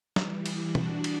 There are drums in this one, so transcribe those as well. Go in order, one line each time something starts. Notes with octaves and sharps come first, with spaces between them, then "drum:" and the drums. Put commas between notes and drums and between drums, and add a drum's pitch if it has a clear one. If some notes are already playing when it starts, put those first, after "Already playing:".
E3 G3, drum: snare
drum: cymbal
D4 F#4, drum: tom
drum: cymbal